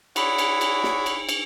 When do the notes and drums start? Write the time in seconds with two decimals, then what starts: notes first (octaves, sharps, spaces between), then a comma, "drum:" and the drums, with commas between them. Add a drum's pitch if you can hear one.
0.16 E4 F#4 G#4 C#5 D5, drum: cymbal
0.38 drum: cymbal
0.61 drum: cymbal
0.84 drum: snare
1.06 drum: cymbal
1.29 drum: cymbal